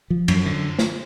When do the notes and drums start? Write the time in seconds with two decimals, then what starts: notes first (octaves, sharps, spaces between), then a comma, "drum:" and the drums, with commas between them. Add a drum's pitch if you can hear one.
0.10 F3
0.28 F#2, drum: cymbal
0.46 D3
0.79 drum: snare